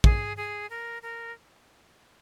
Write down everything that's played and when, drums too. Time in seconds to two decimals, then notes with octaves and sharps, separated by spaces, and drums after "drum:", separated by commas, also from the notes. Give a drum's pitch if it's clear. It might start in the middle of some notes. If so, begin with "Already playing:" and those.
0.04 G#4, drum: kick
0.37 G#4
0.70 A#4
1.02 A#4